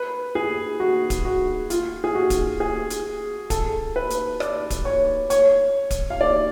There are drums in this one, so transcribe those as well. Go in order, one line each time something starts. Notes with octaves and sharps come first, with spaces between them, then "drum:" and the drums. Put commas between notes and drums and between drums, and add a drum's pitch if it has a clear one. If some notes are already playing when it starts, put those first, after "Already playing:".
Already playing: B4
G#4
F#4
drum: kick D1, hi-hat
F#4
F4, drum: hi-hat
G#4
F#4
drum: kick D1, hi-hat
G#4
drum: hi-hat
A4, drum: kick D1, hi-hat
B4
drum: hi-hat
D5, drum: rim click
drum: kick D1, hi-hat
C#5
C#5, drum: hi-hat
drum: kick D1, hi-hat
F5
D5